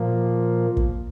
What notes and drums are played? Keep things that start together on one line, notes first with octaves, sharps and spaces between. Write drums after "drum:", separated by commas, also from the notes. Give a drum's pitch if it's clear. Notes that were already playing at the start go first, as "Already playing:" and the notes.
Already playing: A#2 F3 A#3
drum: kick